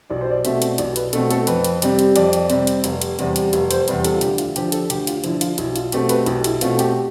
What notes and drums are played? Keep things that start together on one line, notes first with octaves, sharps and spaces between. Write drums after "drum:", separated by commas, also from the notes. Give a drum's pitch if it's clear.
B1 D5
C5
D5
B2 A3 C4 E5, drum: hi-hat
drum: hi-hat
B1 D5, drum: hi-hat
B4, drum: hi-hat
B2 A3 C4 A4, drum: hi-hat
A4, drum: hi-hat
F2 B4, drum: hi-hat
drum: hi-hat
C3 G3 C4, drum: hi-hat
drum: hi-hat
F2 D5, drum: hi-hat
drum: hi-hat
C3 G3 C4, drum: hi-hat
drum: hi-hat
F1, drum: hi-hat
drum: hi-hat
E2 C3 G3, drum: hi-hat
drum: hi-hat
F1, drum: hi-hat
C5, drum: hi-hat
E2 C3 G3 B4, drum: hi-hat
A4, drum: hi-hat
F4
D2 G4, drum: hi-hat
F4, drum: hi-hat
D3 F3 G4, drum: hi-hat
A4, drum: hi-hat
D2 G4, drum: hi-hat
F4, drum: hi-hat
D3 F3 E4, drum: hi-hat
F4, drum: hi-hat
B1 E4, drum: hi-hat
F4, drum: hi-hat
B2 A3 C4 G4, drum: hi-hat
B4, drum: hi-hat
B1 G4, drum: hi-hat
E4, drum: hi-hat
B2 A3 C4 F4, drum: hi-hat
G4, drum: hi-hat